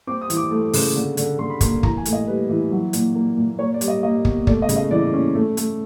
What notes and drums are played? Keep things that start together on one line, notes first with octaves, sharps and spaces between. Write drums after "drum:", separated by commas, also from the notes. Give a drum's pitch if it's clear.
C4 D6
D#6
E3, drum: hi-hat
D6
A3
C#3, drum: open hi-hat
D3
D3, drum: hi-hat
D3 C6
B5
A#3 C6, drum: kick, hi-hat
E3 A#5, drum: kick
G#5
A2, drum: hi-hat
D#5
G3 B4
E3
F#3
A#2, drum: hi-hat
A#3
A#2
A#3 C#5
D5
G3, drum: hi-hat
D#5
A#3 D#5
B2, drum: kick
A3 D5, drum: kick
D#5
C#3, drum: hi-hat
D#5
E3 D5
C#4
A3
A3, drum: hi-hat